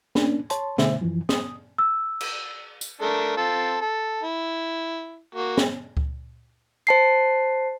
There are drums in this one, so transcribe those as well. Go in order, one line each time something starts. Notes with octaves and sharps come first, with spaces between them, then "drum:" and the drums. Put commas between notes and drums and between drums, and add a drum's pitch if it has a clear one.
A#3 C#4 D4, drum: snare
C#5 A5 C6, drum: hi-hat
B2 D3 A3 C5 E5, drum: snare
F#2 E3 F3
D#6, drum: snare
E6
drum: cymbal
drum: tambourine
A3 D4 A#4
C4 F4 A4
A4
E4
A#3 F#4
drum: snare
drum: kick C#2
C5 A5 C7